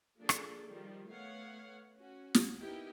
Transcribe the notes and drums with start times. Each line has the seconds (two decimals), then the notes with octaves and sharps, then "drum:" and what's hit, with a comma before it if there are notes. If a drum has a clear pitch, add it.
0.20 F3 A#3 D4 G#4 A4 D5
0.29 drum: rim click
0.68 D#3 F3 G3
1.08 A3 B3 C#5 F5 F#5
1.96 C#4 F#4
2.34 drum: snare
2.59 B3 D#4 E4 G4 A#4 G5